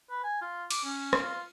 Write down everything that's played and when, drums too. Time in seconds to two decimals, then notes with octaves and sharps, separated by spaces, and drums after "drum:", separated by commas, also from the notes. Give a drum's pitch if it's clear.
0.10 B4
0.24 G#5
0.41 F4
0.71 D6, drum: cymbal
0.85 C#4
1.13 drum: rim click
1.22 F4